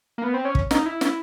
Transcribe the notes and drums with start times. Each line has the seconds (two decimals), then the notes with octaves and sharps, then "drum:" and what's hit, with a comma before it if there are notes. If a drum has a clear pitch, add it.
0.18 A#3
0.24 B3
0.34 C4
0.45 C#4
0.55 drum: kick
0.71 D#4, drum: snare
0.86 E4
1.01 drum: snare